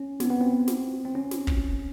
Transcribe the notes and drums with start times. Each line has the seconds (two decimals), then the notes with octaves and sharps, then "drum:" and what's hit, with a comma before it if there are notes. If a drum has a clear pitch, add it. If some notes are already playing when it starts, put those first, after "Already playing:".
Already playing: C#4
0.20 B3, drum: snare
0.26 C4
0.30 B3
0.41 C4
0.68 drum: snare
1.05 C4
1.15 C#4
1.31 drum: snare
1.47 drum: kick